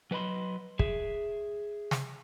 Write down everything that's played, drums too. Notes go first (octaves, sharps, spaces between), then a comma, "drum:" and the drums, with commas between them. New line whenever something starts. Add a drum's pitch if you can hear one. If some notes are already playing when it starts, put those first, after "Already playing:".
F#3 B4 D#5 B5 C6
G#4 E5, drum: kick
drum: snare